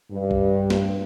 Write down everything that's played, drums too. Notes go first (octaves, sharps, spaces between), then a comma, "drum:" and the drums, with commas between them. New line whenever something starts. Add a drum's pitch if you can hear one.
G2
drum: kick A#1
drum: snare